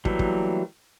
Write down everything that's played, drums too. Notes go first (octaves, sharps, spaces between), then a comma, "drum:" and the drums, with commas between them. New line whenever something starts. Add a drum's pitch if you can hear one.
E3 F#3 G3 A3 A#3, drum: kick
drum: kick